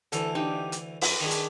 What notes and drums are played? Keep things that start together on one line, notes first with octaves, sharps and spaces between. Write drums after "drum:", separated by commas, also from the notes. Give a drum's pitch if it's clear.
D2 E3 A4, drum: hi-hat
D4 D#4 G4
drum: hi-hat
F#2, drum: open hi-hat
D#3 G#3 D4
drum: hi-hat